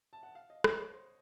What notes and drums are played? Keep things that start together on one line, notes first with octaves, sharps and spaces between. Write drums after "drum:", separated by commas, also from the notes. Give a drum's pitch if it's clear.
A5
F#5
F5
D#5
D#5, drum: rim click
C#5
C5